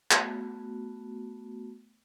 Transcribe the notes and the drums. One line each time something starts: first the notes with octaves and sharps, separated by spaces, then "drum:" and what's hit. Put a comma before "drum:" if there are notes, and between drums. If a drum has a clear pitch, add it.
A3 B3 F#4, drum: clap